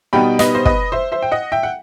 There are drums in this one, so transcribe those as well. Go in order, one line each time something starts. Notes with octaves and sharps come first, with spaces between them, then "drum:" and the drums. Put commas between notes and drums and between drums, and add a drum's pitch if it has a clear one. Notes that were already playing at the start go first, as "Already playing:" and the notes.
B2 G3 B3 D#4 G5 B5
B4 D#5, drum: snare
C5
B4 D#5, drum: kick
C5 E5
C5 E5
G5
D#5 F#5
E5 G5
F#5